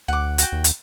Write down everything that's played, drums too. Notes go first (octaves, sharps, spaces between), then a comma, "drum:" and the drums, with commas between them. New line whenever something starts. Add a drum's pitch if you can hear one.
D2 F#5 D6
F#4 G5, drum: hi-hat
D#2
drum: hi-hat